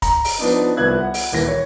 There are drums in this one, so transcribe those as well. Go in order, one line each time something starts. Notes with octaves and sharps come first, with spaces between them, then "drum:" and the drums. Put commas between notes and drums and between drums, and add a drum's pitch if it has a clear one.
A#5, drum: kick, hi-hat
drum: open hi-hat
F3 B3 D4 D#4
C2 F3 B3 E5 F#6 G#6
F#5
drum: open hi-hat
D#1 E3 A#3 A#6
C#5